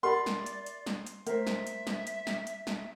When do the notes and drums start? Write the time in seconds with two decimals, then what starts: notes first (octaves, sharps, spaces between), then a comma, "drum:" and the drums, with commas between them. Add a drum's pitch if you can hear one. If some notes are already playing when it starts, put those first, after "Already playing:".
0.03 G4 A#4 D5 E5 F#5 B5 C6
0.26 drum: snare G3
0.46 drum: hi-hat
0.66 drum: hi-hat
0.86 drum: snare G3
1.07 drum: hi-hat
1.27 A3 A#4 C5 E5, drum: hi-hat
1.47 drum: snare G3
1.67 drum: hi-hat
1.87 drum: snare G3
2.07 drum: hi-hat
2.27 drum: snare G3
2.47 drum: hi-hat
2.67 drum: snare G3